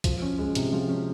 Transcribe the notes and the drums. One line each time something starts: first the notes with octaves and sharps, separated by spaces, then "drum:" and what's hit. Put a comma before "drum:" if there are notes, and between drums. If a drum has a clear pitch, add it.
F3, drum: kick B1, hi-hat
C#4
G#3
C3, drum: hi-hat
F3
C#4